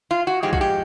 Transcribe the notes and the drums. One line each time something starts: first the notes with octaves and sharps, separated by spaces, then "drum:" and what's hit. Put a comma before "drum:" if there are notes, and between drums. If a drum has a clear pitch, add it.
F4
F#4
G#2 F3 G#3 G4
F#4, drum: kick B1
G4